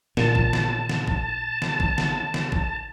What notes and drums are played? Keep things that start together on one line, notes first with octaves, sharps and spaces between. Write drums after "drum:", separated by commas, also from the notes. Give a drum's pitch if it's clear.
A#2 A5, drum: snare
drum: kick
drum: snare
drum: snare
drum: kick
drum: snare
drum: kick
drum: snare
drum: snare
drum: kick